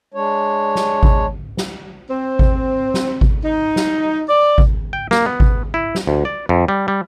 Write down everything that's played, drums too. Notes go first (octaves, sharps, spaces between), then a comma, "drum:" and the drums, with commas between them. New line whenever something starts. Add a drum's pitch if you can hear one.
G#3 D4 C#5
drum: snare
drum: kick G#1
drum: snare
C4
drum: kick G#1
drum: snare
drum: kick G#1
D#4
drum: snare
D5
drum: kick G#1
G5
A#3, drum: snare
B3
drum: kick G#1
E4
drum: snare
D2
D5
F2
G3
G3